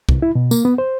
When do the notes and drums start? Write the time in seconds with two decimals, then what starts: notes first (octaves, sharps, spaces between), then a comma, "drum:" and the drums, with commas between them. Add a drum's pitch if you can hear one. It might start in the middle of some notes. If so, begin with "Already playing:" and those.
0.09 C2, drum: kick
0.22 E4
0.35 B2
0.51 A#3, drum: tambourine
0.65 B3
0.78 C5